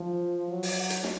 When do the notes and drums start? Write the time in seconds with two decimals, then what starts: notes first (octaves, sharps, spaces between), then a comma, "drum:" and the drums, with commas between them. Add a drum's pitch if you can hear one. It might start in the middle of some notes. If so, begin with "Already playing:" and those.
Already playing: F3
0.49 F#3
0.63 drum: open hi-hat
0.90 drum: hi-hat
1.04 drum: snare